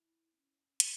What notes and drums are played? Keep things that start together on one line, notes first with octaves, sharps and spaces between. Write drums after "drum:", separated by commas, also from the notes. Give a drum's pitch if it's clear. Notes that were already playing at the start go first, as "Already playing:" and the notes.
Already playing: E4
B3
C#4
C#4, drum: hi-hat